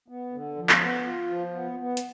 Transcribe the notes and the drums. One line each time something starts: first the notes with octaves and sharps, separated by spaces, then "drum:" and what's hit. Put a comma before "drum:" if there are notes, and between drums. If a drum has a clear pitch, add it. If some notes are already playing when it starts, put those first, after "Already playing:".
B3
D3
F3
drum: clap
B3
F4
F3
B3
B3
drum: hi-hat